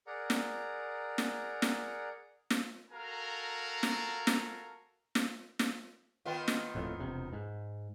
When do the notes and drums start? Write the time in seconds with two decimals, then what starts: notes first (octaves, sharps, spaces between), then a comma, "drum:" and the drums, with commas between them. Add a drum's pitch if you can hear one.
0.07 G#4 A#4 D5 F#5 A#5
0.30 drum: snare
1.18 drum: snare
1.62 drum: snare
2.50 drum: snare
2.90 F#4 A4 A#4 F5 G#5 A#5
3.83 drum: snare
4.27 drum: snare
5.15 drum: snare
5.59 drum: snare
6.25 D#3 B3 F4
6.48 drum: snare
6.75 D1 F2 A2
6.99 E1 C3
7.33 G#2